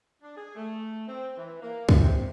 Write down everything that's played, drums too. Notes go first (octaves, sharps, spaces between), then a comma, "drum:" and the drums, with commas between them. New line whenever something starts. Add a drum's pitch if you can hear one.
D4
G#4
A3
C4
E3
A#3
drum: kick C#2
C3